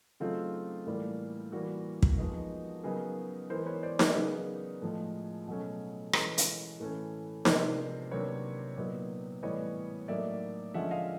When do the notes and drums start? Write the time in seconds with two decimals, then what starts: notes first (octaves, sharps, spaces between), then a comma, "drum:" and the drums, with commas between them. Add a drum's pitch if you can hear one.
0.20 C#3 F#3 A3 C4 D#4 F4
0.86 A2 E3 G3 A#3
1.52 E3 G3 A#3 F#4
2.02 drum: kick
2.18 F3 G#3 B3 D#4
2.84 C#3 F#3 B3 D#4 G#4 A#4
3.50 E3 G#3 B3 A#4 C5
3.66 B4 C#5
3.83 C5 D5
3.99 A#4 C5, drum: snare D#4
4.16 C#3 F#3 B3 D#4 G#4 A#4
4.82 A2 F3 G#3
5.48 B2 F#3 A3 C#4
6.13 E3 G#3 C#4 A4 B4, drum: rim click
6.38 drum: hi-hat
6.79 A2 E3 A3 C#4
7.45 C3 F3 G#3 B3 D4 A#4 C5, drum: snare D#4
8.11 C3 D#3 F#3 A#3 D4 B4 C#5
8.77 A#2 F#3 B3 D#4
9.43 A2 E3 G3 B3 C#5 D#5
10.08 A2 F#3 A#3 D#4 D5 E5
10.74 D3 F3 G#3 C#4 E5 F#5
10.91 D#5 F5